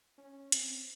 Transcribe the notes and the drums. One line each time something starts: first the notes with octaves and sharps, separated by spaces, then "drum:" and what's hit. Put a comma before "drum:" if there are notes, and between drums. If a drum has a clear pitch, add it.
C#4
C4, drum: hi-hat